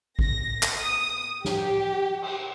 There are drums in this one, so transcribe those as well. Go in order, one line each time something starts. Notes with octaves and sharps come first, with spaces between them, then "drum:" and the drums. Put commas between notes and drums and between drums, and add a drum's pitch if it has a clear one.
A#6, drum: kick G#1
drum: clap
D#6
G4, drum: snare
drum: cymbal